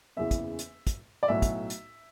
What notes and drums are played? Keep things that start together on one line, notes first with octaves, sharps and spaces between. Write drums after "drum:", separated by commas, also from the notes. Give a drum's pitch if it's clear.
F#1 E2 C#3 E3 E5
drum: kick, hi-hat
drum: hi-hat
drum: kick, hi-hat
D5
B1 A2 F#3 E5
drum: kick, hi-hat
drum: hi-hat